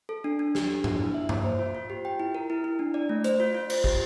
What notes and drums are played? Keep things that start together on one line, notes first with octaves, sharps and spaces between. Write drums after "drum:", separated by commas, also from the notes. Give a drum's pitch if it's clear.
A4
D4
D4
G4, drum: snare
D4
D4, drum: tom G#2
E4
E5
A#3, drum: tom G2
C5
F4
F4
G4
G5
E4
A#4
E4
E4
D4
D5
A3
C5, drum: hi-hat
F4
F4
C5, drum: cymbal
G4, drum: kick